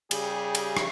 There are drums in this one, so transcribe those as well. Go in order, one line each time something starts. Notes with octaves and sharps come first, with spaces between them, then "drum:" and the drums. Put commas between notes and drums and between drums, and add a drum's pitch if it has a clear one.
C#3 G3 G4 G#4, drum: cymbal
drum: cymbal
drum: rim click